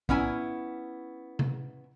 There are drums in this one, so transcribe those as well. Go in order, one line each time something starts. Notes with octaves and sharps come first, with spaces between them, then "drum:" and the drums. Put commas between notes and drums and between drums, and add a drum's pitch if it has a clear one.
B3 C#4 E4 G#5, drum: kick
drum: tom C3